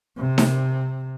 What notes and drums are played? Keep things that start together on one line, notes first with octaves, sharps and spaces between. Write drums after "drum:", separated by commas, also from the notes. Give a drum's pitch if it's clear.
C3
drum: snare D#4